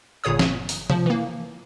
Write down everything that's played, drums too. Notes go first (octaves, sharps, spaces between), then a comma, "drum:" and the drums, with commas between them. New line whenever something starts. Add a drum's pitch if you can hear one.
G1 A#2 G#4 C#5 D#6
drum: snare
drum: open hi-hat
F3, drum: tom C3
E3 A#3